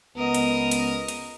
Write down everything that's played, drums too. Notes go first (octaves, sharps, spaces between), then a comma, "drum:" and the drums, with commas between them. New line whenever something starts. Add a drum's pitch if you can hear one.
C#2 B3 A#4 D#5
drum: hi-hat
drum: hi-hat
drum: hi-hat